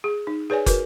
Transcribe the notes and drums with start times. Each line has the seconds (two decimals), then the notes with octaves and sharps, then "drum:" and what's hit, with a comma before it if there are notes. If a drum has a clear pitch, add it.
0.04 G#4
0.27 D#4
0.50 G#4 B4 C#5 D5 G#5
0.66 F#4 A#4 B4, drum: kick, hi-hat